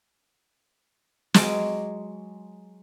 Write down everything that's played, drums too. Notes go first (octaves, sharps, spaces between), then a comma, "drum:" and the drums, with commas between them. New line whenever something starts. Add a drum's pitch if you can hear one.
F#3 G#3 D6, drum: snare